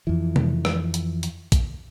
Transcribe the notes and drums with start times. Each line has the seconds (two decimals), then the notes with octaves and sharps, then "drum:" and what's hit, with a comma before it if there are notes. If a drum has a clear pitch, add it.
0.07 F2 E3
0.36 drum: tom C3
0.65 drum: rim click
0.94 drum: hi-hat
1.23 drum: hi-hat
1.52 drum: kick, hi-hat